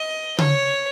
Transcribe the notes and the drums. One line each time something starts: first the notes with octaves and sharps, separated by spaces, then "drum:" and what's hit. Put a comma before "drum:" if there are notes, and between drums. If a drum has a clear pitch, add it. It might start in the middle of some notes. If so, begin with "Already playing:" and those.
Already playing: D#5
C#5, drum: tom C#3